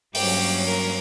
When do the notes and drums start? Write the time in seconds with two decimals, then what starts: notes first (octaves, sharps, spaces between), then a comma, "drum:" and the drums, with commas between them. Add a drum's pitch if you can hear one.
0.15 G2 F#3 A#3 C#4 G4, drum: open hi-hat
0.66 A#4